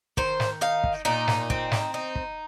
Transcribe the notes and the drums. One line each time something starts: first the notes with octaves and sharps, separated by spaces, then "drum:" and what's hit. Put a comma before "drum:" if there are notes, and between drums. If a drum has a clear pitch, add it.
D#3 C5, drum: kick
drum: snare
D#4 F5
drum: kick
A#2 D#4
drum: snare
C4, drum: kick
drum: snare
D#4
drum: kick